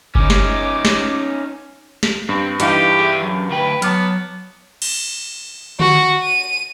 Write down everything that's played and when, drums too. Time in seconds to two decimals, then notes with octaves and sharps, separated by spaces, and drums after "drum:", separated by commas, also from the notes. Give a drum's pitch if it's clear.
0.15 C#4 D#4 D6, drum: kick G1
0.30 drum: snare
0.85 drum: snare
2.03 drum: snare
2.29 G2 C4
2.60 G2 E3 D#4 G4 F5, drum: hi-hat
2.99 G#4 E5
3.22 F#2
3.50 D2 B4 G5
3.82 F#3 B3 A5 D6 F6, drum: hi-hat
4.82 drum: cymbal
5.80 F#4, drum: tom D3
6.23 D#7